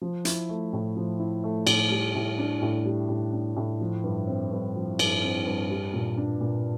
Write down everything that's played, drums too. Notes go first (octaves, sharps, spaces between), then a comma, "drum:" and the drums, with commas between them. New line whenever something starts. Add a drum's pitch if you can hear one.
F3
E4, drum: hi-hat
A3
A2
F3
E4
A3
A2, drum: cymbal
G3
A2
D4
A2
G3
A2
D4
A2
F3
G2
C4
G2
F3
G2, drum: cymbal
C4
G2
G3
A#2
D4
A#2